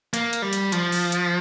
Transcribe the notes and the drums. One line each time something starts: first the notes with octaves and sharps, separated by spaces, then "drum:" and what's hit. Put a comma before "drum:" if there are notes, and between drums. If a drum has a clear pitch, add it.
A#3, drum: hi-hat
drum: hi-hat
G3
drum: hi-hat
F3, drum: hi-hat
drum: open hi-hat
drum: hi-hat